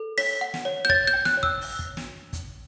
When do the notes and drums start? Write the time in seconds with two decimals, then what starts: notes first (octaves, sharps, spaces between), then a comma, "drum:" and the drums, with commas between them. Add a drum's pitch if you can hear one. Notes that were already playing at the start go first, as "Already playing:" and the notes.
Already playing: A4
0.18 C#5 B6, drum: open hi-hat
0.41 F#5
0.54 drum: snare
0.65 C#5
0.85 G6
0.89 C#5 A6, drum: kick
1.07 G6
1.13 G5
1.25 F#6, drum: snare
1.37 C#5
1.43 E6, drum: kick
1.61 drum: open hi-hat
1.79 drum: kick
1.97 drum: snare
2.33 drum: kick, hi-hat